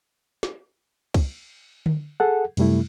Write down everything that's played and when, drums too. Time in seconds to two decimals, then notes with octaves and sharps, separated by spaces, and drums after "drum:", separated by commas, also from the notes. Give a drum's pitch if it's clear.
0.43 drum: snare
1.14 drum: kick, cymbal
1.86 drum: tom D3
2.20 G#4 A4 F#5
2.57 F#2 C3 G3 A3 E4, drum: cymbal